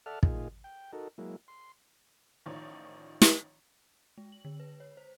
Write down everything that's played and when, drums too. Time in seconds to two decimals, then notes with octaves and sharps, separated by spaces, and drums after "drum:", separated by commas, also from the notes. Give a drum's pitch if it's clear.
0.06 A4 D5 E5 F#5 A5 F6
0.23 A#2 D#4 F4 G#4, drum: kick
0.64 G5
0.93 D#4 F#4 A4 A#4
1.18 F#3 G#3 A#3 E4
1.48 C6
2.46 A1 D#3 F3 D#4 C#5 D5
3.22 drum: snare
4.18 G#3
4.32 F#7
4.45 D3
4.60 B4
4.80 C#5
4.97 C5